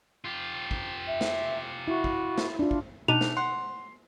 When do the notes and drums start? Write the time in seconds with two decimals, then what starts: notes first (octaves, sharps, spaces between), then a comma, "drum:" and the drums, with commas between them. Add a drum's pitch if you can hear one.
0.24 F4 G4
0.71 drum: kick
1.07 E5
1.21 drum: snare
1.88 E4 F#4
2.04 drum: kick
2.38 drum: snare
2.59 D4 F4
2.71 drum: kick
3.08 B2 G3 A3 D4 D#4 D#7 F7
3.21 drum: snare
3.37 F#5 C6